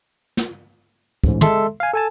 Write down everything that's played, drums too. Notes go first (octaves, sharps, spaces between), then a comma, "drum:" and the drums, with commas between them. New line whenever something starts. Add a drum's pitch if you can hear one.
drum: snare
A1 G#2, drum: kick
G#3 A4 E5 C6, drum: tom
F5 G#5
A4 G#5 A5